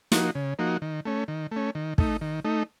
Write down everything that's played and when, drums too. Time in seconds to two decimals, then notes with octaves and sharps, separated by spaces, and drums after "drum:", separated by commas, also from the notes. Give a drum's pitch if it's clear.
0.12 F3 A#3 D#4 F#4, drum: snare
0.35 C#3
0.59 F3 A#3 D#4 F#4
0.82 D#3
1.05 A3 C#4
1.28 D#3
1.51 A3 C#4
1.75 D#3
1.98 A3 D#4, drum: kick
2.21 D#3
2.44 A3 D#4